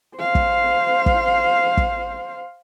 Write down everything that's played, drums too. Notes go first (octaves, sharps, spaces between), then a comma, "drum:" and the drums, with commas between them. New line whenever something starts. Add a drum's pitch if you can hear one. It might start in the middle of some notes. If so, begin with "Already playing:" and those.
C5 F5
drum: kick
drum: kick
drum: kick